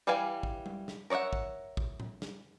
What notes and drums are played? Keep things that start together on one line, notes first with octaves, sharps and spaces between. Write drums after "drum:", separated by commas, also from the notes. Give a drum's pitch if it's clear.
E3 G3 B4 F5 G#5
drum: kick
drum: tom G3
drum: snare
A#4 C#5 D5 E5 F#5
drum: kick
drum: kick
drum: tom A2
drum: snare